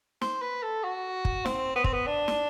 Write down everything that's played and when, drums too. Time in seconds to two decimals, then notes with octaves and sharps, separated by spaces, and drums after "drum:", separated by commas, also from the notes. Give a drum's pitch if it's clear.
0.21 C5, drum: snare
0.42 B4
0.62 A4
0.84 F#4
1.25 drum: kick
1.46 C4, drum: snare
1.76 B3
1.84 C4, drum: kick
1.93 B3
2.07 D4
2.28 drum: snare